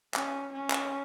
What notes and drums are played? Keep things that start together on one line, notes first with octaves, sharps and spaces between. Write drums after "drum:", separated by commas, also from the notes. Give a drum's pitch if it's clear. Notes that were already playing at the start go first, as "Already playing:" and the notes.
C#4, drum: clap
C#4
drum: clap